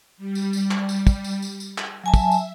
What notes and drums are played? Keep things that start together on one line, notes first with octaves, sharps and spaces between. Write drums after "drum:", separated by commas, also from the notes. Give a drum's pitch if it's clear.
G3
drum: tambourine
drum: tambourine
drum: clap
drum: tambourine
drum: kick, tambourine
drum: tambourine
drum: tambourine
drum: tambourine
drum: clap
F#3 E5 G#5 A5
drum: kick, tambourine
drum: tambourine